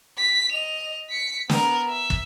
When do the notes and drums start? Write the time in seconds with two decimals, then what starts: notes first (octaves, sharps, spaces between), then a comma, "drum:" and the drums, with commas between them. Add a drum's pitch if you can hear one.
0.18 B6
0.52 D#5 F7
1.10 B6 C#7
1.49 B3 A#4, drum: snare
1.89 E5
2.10 drum: kick